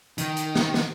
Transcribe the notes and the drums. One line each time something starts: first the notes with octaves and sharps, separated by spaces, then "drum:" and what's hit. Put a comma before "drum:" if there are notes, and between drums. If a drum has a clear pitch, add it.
D#3, drum: hi-hat
drum: hi-hat
drum: snare
drum: snare